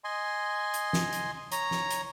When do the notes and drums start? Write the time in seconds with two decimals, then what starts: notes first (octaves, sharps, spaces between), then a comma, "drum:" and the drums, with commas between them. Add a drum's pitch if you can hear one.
0.04 D#5 G#5 C6
0.74 drum: hi-hat
0.93 drum: snare
1.13 drum: hi-hat
1.52 C#5 A#5, drum: hi-hat
1.71 drum: snare
1.90 drum: hi-hat